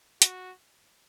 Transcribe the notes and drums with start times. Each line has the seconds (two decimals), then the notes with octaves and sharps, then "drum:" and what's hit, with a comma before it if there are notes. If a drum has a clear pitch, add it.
0.22 F#4, drum: hi-hat